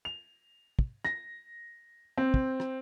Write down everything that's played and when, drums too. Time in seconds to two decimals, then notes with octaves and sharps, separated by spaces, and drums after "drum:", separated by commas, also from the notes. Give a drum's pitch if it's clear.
0.05 F7
0.79 drum: kick
1.05 A#6, drum: rim click
2.18 C4
2.34 drum: kick
2.60 drum: rim click